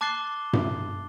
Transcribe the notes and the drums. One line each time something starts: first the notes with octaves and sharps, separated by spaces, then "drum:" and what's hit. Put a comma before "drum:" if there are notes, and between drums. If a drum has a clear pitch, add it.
A5 D6 F#6 A6 C7 G7
drum: tom G2